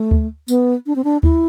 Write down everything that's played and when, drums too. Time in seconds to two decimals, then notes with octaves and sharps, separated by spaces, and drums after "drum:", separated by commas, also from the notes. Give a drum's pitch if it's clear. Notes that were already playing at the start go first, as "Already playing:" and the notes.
Already playing: A3
0.11 drum: kick D2
0.48 B3, drum: tambourine
0.87 D4
0.96 C4
1.04 D4
1.23 E4, drum: kick D2